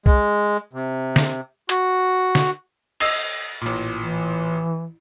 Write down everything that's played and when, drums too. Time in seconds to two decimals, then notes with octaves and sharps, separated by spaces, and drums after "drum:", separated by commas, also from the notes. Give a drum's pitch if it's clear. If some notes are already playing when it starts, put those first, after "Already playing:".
0.06 G#3, drum: kick
0.73 C3
1.16 drum: snare
1.69 F#4, drum: hi-hat
2.35 drum: snare
3.00 D#5 E6 C7, drum: cymbal
3.61 A1 A#2
3.97 E3